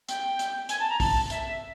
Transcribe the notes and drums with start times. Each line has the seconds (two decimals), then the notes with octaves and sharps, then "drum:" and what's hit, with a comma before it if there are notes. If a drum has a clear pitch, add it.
0.09 G5, drum: hi-hat
0.39 drum: hi-hat
0.69 G#5, drum: hi-hat
0.80 A5
0.89 A#5
1.00 A5, drum: kick, open hi-hat
1.30 E5, drum: hi-hat